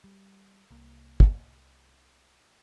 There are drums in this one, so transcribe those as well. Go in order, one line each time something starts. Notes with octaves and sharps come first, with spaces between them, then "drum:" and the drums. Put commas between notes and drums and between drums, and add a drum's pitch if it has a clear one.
G3
C2 A#3
drum: kick